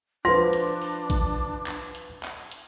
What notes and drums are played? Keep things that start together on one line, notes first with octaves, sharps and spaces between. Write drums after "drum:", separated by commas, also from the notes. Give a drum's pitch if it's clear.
F3 D4 B4 C6 A#6
drum: hi-hat
drum: open hi-hat
drum: kick A1, hi-hat
drum: clap
drum: hi-hat
drum: clap
drum: hi-hat